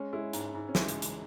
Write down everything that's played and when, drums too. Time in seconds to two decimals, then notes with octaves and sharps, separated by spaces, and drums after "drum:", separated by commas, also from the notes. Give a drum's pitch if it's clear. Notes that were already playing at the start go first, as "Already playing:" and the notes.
Already playing: G#3 C#4
0.13 G#3 E4
0.33 G#2, drum: hi-hat
0.54 G#2
0.68 C#4
0.75 G#3 E4, drum: snare
0.89 drum: hi-hat
1.02 drum: hi-hat